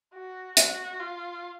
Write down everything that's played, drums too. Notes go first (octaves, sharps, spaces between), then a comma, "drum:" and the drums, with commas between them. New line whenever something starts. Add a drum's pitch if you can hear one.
F#4
F#4, drum: hi-hat
F4